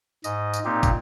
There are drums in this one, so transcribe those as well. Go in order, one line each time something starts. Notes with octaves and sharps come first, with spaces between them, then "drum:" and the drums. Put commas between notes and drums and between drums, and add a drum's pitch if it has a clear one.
G#2 D#5, drum: tambourine
drum: tambourine
A#2 A#3 C4 D#4 G4
drum: kick, tambourine